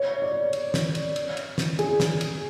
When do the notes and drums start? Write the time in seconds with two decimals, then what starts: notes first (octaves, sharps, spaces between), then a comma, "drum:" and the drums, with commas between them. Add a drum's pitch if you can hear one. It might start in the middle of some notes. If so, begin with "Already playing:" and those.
Already playing: C#5
0.22 D5
0.53 drum: cymbal
0.74 drum: snare
0.95 drum: cymbal
1.16 drum: cymbal
1.37 drum: cymbal
1.58 drum: snare
1.79 G#4, drum: cymbal
2.00 drum: snare
2.21 drum: cymbal